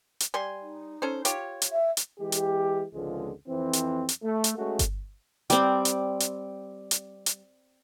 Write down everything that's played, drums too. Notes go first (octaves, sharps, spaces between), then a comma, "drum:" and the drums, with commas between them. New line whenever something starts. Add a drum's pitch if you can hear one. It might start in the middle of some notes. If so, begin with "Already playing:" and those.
drum: hi-hat
G3 G#5 C6
D#4
C#4 A4 C5
F4 G4 C#5, drum: hi-hat
drum: hi-hat
E5
drum: hi-hat
E3 G#3 G4
drum: hi-hat
G#1 C#2 D3 F3 G#3
F2 E3 C4
drum: hi-hat
drum: hi-hat
A3
drum: hi-hat
G#3 A3 C#4 F#4
drum: kick G1, hi-hat
G3 C4 D5, drum: hi-hat
drum: hi-hat
drum: hi-hat
drum: hi-hat
drum: hi-hat